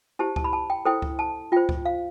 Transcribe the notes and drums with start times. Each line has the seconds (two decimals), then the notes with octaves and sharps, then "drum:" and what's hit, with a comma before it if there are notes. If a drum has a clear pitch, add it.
0.19 E4 G4 C5 A5
0.36 A5, drum: kick C#2
0.44 B5
0.53 A5
0.70 G5
0.85 E4 A4 C5 G5
1.02 drum: kick C#2
1.19 A5
1.52 F4 C5 G5
1.69 drum: kick C#2
1.86 F5